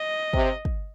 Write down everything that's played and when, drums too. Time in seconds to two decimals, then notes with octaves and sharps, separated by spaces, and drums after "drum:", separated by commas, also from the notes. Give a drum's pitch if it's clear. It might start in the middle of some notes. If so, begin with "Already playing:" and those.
Already playing: D#5
0.34 C3, drum: kick
0.65 drum: kick